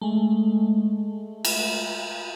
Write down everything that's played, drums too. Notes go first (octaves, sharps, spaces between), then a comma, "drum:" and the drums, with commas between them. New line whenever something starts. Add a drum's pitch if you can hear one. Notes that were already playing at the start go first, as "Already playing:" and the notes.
G#3 A3
drum: cymbal